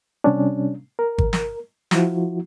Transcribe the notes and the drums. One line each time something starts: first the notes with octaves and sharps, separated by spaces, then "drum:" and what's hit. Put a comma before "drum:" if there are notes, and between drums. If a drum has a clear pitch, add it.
C3 G3 C#4 D4
A#4
drum: kick G#1
drum: snare
F3 E4 F#4, drum: snare